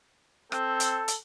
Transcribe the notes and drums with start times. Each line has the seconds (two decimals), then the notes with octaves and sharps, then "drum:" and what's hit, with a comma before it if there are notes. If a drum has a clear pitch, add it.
0.52 C4 A4, drum: rim click
0.80 drum: hi-hat
1.08 drum: hi-hat